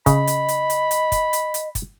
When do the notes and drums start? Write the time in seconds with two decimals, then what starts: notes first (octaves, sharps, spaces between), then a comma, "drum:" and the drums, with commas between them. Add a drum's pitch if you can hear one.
0.06 C#3 D#5 B5, drum: kick, hi-hat
0.27 drum: hi-hat
0.48 drum: hi-hat
0.70 drum: hi-hat
0.91 drum: hi-hat
1.12 drum: kick, hi-hat
1.33 drum: hi-hat
1.54 drum: hi-hat
1.75 drum: kick, hi-hat